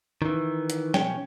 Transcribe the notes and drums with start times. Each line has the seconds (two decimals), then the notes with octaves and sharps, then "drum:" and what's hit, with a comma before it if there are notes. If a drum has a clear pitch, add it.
0.22 D#3 E3
0.70 drum: hi-hat
0.94 B1 E2 F3 C#4 C#5 G5, drum: snare